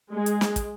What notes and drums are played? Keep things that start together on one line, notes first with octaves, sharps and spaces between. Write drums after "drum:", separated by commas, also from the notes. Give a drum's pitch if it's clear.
G#3
drum: hi-hat
drum: snare
drum: kick, hi-hat